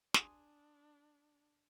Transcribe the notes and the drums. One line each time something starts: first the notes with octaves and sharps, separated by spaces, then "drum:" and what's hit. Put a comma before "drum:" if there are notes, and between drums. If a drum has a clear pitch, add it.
D4 G#5 C6 D#6, drum: snare